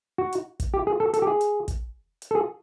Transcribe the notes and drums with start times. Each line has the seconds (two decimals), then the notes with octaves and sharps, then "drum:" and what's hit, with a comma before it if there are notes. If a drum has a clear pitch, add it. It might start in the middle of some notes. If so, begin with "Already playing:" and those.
0.18 F#4
0.33 drum: hi-hat
0.60 drum: kick, hi-hat
0.74 G4
0.87 G#4
1.00 A4
1.14 A4, drum: hi-hat
1.22 G4
1.27 G#4
1.41 drum: hi-hat
1.68 drum: kick, hi-hat
2.22 drum: hi-hat
2.31 A4
2.35 G#4